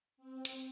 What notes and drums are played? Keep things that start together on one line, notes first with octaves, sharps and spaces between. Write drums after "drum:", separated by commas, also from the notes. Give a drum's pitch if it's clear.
C4
drum: hi-hat